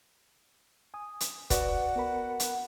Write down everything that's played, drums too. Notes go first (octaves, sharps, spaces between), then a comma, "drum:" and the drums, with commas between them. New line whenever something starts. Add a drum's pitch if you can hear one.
G#5 D#6
drum: hi-hat
F#4 B4 D5 F#5, drum: kick, hi-hat
B3 A#4 B5
drum: hi-hat